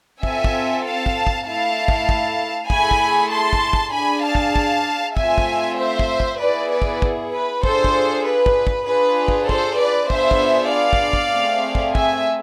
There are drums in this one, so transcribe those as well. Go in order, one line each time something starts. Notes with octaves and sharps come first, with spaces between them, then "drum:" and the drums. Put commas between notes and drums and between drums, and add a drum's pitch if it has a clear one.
C4 F4 A4 E5 G#5, drum: kick
drum: kick
F5 A5
drum: kick
drum: kick
A3 E4 A4 F5 A5
drum: kick
drum: kick
A3 E4 G#4 G#5 B5, drum: kick
drum: kick
A5 C6
drum: kick
drum: kick
D4 G#4 G#5 B5
F5 A5
drum: kick
drum: kick
A3 C4 F4 E5 G#5, drum: kick
drum: kick
C5 E5
drum: kick
drum: kick
B3 E4 G#4 B4 D5
B4 D5
drum: kick
drum: kick
B4
D4 F4 G#4 A4 C5, drum: kick
drum: kick
B4
drum: kick
drum: kick
D4 F4 G#4 B4
drum: kick
A4 C5, drum: kick
B4 D5
B3 D4 F4 G#4 C5 E5, drum: kick
drum: kick
D5 F5
drum: kick
drum: kick
A3 C4 G#4
drum: kick
E5 G#5, drum: kick